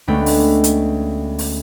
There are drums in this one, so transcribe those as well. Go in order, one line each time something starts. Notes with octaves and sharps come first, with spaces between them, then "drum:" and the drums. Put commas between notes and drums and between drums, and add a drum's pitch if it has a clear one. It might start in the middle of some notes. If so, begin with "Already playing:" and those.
D2 G#3 A3 B3 C#4 G5
drum: open hi-hat
drum: hi-hat
drum: open hi-hat